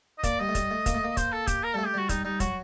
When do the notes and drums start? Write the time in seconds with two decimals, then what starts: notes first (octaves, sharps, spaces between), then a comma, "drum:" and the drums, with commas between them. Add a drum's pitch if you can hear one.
0.19 D#5
0.23 A#3 D5, drum: kick, hi-hat
0.40 G3 D#5
0.49 A3
0.55 G3, drum: kick, hi-hat
0.71 A3
0.86 A#3, drum: kick, hi-hat
0.94 A3
1.04 A#3
1.17 C5, drum: kick, hi-hat
1.32 A4
1.47 G4, drum: kick, hi-hat
1.63 A#4
1.74 G3 A3 A4
1.86 G4
1.94 G3 F#4
2.09 G3 D#4, drum: kick, hi-hat
2.25 G3 D#4
2.40 F#3 F#4, drum: kick, hi-hat